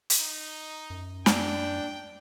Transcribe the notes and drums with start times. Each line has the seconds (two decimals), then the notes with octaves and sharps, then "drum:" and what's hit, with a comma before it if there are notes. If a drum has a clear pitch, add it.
0.10 drum: hi-hat
0.20 D#4
0.90 F#2
1.26 D4 G5, drum: snare